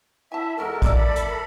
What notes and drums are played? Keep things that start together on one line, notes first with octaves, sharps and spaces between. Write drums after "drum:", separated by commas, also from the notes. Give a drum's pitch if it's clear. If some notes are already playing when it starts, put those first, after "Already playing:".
E4 E5 G#5 A5
E2 G#3 A3 F4 F#4 A4 A#4
A3 E4 D5 E5, drum: kick, hi-hat
A4 B5
F3 E4, drum: hi-hat
A#4